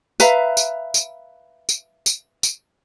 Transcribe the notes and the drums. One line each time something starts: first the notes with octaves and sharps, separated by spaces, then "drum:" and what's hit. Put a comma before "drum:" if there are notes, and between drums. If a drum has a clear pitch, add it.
B4 E5 F5 A#5, drum: tambourine
drum: tambourine
drum: tambourine
drum: tambourine
drum: tambourine
drum: tambourine